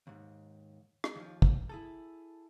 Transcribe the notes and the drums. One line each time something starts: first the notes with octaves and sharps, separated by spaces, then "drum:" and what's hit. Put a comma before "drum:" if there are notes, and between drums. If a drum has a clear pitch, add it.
D#2 G#2
drum: rim click
D#2 F3
drum: kick
E4 G#4 A4